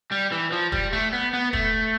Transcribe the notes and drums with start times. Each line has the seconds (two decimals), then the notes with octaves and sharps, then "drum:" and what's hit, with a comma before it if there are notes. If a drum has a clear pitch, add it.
0.11 G3
0.32 E3
0.52 F3
0.72 G3, drum: kick
0.93 A3
1.13 B3
1.33 B3
1.53 A3, drum: kick